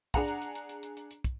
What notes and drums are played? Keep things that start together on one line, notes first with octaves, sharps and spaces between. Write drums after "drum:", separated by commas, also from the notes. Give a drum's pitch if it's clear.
D4 G#4 F#5 A#5, drum: kick, hi-hat
drum: hi-hat
drum: hi-hat
drum: hi-hat
drum: hi-hat
drum: hi-hat
drum: hi-hat
drum: hi-hat
drum: kick, hi-hat